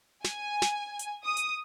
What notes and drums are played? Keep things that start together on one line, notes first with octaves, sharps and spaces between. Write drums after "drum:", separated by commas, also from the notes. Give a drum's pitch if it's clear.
G#5, drum: snare
drum: snare
drum: hi-hat
D#6
drum: hi-hat